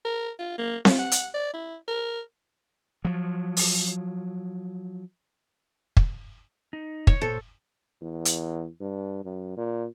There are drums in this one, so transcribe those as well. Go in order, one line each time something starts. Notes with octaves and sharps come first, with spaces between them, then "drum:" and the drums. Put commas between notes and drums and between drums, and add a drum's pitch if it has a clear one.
A#4
F4
A#3
F4, drum: snare C4
F#5
drum: hi-hat
D5
E4
A#4
F3 F#3
drum: open hi-hat
drum: kick
D#4
C#5, drum: kick
A#2 A4 C5
E2
drum: hi-hat
G2
F#2
A#2